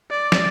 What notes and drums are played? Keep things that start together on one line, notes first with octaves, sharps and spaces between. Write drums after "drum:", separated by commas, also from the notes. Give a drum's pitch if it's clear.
D5
drum: snare